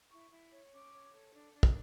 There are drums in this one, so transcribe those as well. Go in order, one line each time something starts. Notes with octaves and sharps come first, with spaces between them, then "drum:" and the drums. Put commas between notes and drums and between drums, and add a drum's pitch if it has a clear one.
E4 C#6
E4
C#5
C#4 D6
C#5
A4
D4
D4
drum: kick